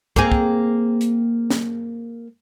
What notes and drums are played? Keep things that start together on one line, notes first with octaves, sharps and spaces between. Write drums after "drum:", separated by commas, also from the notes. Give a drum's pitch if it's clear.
A#3 C4 G#4, drum: kick
drum: kick
drum: hi-hat
drum: snare